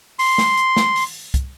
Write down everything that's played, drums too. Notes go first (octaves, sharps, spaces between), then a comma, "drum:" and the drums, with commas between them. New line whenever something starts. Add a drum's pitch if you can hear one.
C6, drum: open hi-hat
drum: snare
drum: hi-hat
drum: snare
drum: open hi-hat
drum: kick, hi-hat